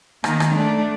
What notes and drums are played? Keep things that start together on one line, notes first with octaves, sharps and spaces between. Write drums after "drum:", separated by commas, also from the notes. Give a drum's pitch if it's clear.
D#3 A#3, drum: rim click
drum: rim click
A3 D4